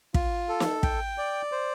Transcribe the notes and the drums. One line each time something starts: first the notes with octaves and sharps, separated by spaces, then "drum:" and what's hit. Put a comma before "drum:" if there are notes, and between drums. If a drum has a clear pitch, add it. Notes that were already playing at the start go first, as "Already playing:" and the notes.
F4, drum: kick
A4
drum: snare
G5, drum: kick
D5
C5